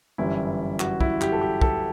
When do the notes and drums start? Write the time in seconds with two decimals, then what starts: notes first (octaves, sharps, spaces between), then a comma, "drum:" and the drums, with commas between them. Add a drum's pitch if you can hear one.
0.18 G1 F#2 E3 G3 E4
0.80 F#4, drum: clap
1.00 E4, drum: kick
1.21 G4, drum: clap
1.32 A4
1.41 G4
1.62 A4, drum: kick